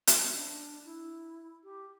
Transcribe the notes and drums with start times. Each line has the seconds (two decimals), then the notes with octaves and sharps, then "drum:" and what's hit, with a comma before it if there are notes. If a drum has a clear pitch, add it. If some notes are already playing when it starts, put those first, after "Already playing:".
0.07 drum: hi-hat
0.18 C#4
0.32 D4
0.85 E4
1.64 G4